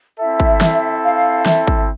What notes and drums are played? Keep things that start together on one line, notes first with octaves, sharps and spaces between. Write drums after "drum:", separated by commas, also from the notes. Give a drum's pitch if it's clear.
C4 E4 A4 E5
drum: kick
drum: snare E3
F5
E5, drum: snare E3
drum: kick